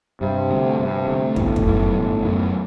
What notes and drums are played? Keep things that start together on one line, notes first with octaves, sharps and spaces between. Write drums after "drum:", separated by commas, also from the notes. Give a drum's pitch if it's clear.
G2 C3
D3 A3
G2 C3
D3
A3
G1 A2, drum: kick
drum: kick
F#2 D#3 A3
G1
F#2 D#3 A3